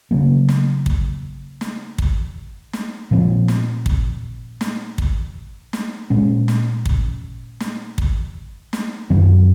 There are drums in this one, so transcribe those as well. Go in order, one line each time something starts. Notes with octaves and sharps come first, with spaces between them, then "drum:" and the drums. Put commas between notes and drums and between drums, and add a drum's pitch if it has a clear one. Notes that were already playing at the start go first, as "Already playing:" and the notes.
C#3 F#3 A#3
drum: snare
drum: kick
drum: snare
drum: kick
drum: snare
A#2 F3 C4
drum: snare
drum: kick
drum: snare
drum: kick
drum: snare
A#2 G#3 C#4
drum: snare
drum: kick
drum: snare
drum: kick
drum: snare
F#2 D#3 F#3 C4